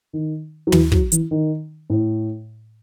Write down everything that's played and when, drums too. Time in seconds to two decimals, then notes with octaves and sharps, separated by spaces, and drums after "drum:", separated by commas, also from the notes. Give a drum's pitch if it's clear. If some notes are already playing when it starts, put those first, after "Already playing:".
0.13 D#3
0.67 F#3
0.72 E3, drum: tom
0.92 F#3, drum: kick
1.12 E3, drum: hi-hat
1.31 D#3
1.90 A2